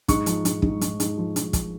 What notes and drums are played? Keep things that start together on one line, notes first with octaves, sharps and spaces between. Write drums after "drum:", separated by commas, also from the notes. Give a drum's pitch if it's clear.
G#2 C#6, drum: kick, hi-hat
F3, drum: hi-hat
G#2, drum: hi-hat
G#2, drum: kick
G#2, drum: hi-hat
G#2, drum: hi-hat
F3
G#2, drum: hi-hat
F3, drum: kick, hi-hat